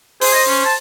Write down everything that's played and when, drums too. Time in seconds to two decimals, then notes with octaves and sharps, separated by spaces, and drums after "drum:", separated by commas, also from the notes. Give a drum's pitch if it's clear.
0.22 G#4 C5, drum: open hi-hat
0.34 D#5
0.48 C#4
0.65 A5